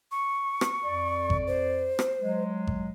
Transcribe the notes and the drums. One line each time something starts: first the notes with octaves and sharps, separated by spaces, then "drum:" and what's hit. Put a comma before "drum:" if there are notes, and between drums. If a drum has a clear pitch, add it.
C#6
drum: rim click
F2 D5
drum: kick G#1
C5
drum: rim click
F#3 G#3
drum: kick G#1